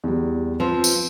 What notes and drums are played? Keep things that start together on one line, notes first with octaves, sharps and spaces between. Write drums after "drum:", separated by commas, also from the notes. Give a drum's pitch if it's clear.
E2 G3
F3 C4 B4
drum: tambourine